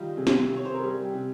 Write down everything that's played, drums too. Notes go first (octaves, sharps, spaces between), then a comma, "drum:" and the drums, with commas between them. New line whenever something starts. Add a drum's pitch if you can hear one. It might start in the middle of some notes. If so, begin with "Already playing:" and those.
Already playing: D#3 G3 D#4 F4
C3 G#4
drum: snare
C3
C#5
C5
A#4
G3 G#4
G4
C3